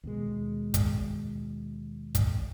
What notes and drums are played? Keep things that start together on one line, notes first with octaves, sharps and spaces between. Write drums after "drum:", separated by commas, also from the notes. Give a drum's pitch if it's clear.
D#2 B2 G#3
drum: kick, hi-hat
drum: kick, hi-hat